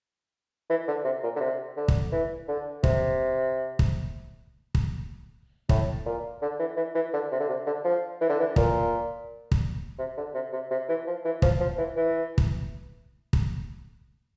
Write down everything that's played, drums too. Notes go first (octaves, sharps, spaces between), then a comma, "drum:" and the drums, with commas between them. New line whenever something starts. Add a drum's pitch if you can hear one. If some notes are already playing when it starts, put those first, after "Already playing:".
E3
D3
C3
A#2
D3
C3
D3
drum: kick
E3
D3
C3, drum: kick
drum: kick
drum: kick
A2, drum: kick
A#2
D3
E3
E3
E3
D3
C3
D3
C3
D3
F3
E3
D3
E3
A#2, drum: kick
drum: kick
C3
D3
C3
C3
C3
E3
F3
E3
F3, drum: kick
F3
E3
E3
drum: kick
drum: kick